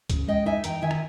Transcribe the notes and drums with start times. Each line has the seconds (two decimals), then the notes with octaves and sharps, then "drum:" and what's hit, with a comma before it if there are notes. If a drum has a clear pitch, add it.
0.10 C#3, drum: kick, hi-hat
0.27 G#3 D#5 G5
0.46 D#4 E5 G#5
0.64 E2 G5 A#5, drum: hi-hat
0.82 D#3 E5 G#5
0.91 drum: rim click